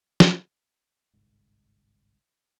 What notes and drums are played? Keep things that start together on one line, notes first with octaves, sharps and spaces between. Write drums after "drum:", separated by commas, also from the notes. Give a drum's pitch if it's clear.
drum: snare
G1 C2 G#2